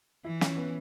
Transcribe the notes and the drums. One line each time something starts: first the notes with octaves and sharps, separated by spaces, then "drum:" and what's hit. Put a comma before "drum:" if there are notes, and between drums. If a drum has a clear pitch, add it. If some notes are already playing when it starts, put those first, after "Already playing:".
E3 E4
C#4, drum: snare
B3